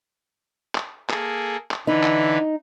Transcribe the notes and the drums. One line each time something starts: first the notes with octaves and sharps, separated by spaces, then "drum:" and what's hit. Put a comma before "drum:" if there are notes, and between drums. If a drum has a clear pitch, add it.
drum: clap
A#3 G#4 A4, drum: clap
drum: clap
D3 E3 D#4 B4
drum: clap